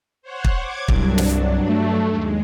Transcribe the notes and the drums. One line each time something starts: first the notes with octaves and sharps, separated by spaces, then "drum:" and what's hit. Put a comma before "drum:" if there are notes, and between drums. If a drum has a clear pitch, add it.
C5 C#5 F#5
drum: kick
D6 G#6
C2 G2 F#3 D4, drum: kick
drum: snare
A3
D#2 G#3